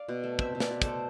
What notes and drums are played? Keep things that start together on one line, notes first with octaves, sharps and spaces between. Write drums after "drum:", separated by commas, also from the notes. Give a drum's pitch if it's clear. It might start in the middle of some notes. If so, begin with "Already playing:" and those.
Already playing: D5 F5
B2
A3
C4 C5 E5, drum: kick
B2
B4 D5, drum: snare
B2
A4 C5, drum: kick, hi-hat
A3